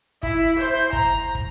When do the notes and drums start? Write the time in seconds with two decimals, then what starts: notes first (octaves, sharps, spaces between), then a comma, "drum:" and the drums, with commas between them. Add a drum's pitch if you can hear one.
0.23 E4, drum: kick
0.59 C5
0.93 A#5, drum: kick
1.35 drum: kick